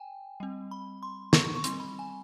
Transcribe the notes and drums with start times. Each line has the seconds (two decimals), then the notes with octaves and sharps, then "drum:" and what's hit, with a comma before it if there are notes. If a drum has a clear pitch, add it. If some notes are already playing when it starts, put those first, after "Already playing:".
Already playing: G5 G#5
0.40 G3 C4
0.71 B5
1.03 C6
1.33 C#6, drum: snare
1.55 C#6
1.64 G3 C4 C6, drum: hi-hat
1.80 B5
1.99 G#5